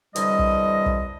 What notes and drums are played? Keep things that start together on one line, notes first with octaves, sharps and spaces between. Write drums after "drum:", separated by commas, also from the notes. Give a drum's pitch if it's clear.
C2 D3 E3 G3 D#5, drum: hi-hat
drum: kick
drum: kick